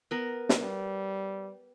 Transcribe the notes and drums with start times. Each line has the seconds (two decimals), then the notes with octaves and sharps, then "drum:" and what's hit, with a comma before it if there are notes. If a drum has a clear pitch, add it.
0.11 B3 A#4
0.49 drum: snare
0.62 G3